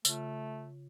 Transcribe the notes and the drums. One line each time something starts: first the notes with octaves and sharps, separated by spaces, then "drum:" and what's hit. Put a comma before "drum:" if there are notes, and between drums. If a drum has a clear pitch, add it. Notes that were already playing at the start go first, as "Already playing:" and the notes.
C#3 A3 F4, drum: tambourine